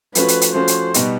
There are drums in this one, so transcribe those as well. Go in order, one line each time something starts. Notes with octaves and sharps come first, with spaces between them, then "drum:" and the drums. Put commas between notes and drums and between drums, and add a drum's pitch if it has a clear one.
F3 A3 C#4 F#4 B4, drum: hi-hat
drum: hi-hat
drum: hi-hat
F3 A3 C#4 F#4 C5
drum: hi-hat
B2 G3 B3 D#4 F#4, drum: hi-hat